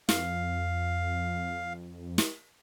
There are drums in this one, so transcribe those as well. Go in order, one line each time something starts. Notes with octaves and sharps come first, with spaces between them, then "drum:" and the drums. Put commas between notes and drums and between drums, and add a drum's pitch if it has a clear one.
F2 F5, drum: snare
drum: snare